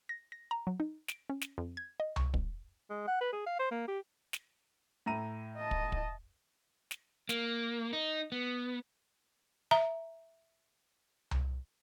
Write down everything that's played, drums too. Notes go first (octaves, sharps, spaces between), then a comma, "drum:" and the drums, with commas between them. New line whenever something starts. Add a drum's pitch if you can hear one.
A#6
A#6
A#5
F#3
D#4
D7, drum: snare
C#4
drum: snare
F2
G#6
D#5
C#6, drum: tom C2
B1, drum: kick
G#3
F#5
B4
G#4
F5
C5
A#3
G4
drum: snare
A2 A#5 D#7
D#5 A5
drum: kick
drum: kick
drum: snare
A#3, drum: snare
D#4
B3
E5 A#5
drum: tom C2